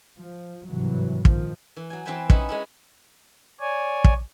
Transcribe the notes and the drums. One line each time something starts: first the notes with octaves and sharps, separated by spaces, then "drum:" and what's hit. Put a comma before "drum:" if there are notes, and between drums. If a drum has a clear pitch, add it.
F3
G#1 G2 C3 E3 F#3
A#2 D#3 F3, drum: kick
E3
F#3 G#5
E3 C4 B4 E5 G5 G#5
C#4 D#4 E4 B4, drum: kick
G#3 C#4 E4
C#5 D5 G#5
drum: kick